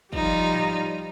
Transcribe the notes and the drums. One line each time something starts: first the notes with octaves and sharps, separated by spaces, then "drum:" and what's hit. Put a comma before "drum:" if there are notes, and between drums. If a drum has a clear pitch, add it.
F3 G3 D#4 F4, drum: kick
drum: tom G#2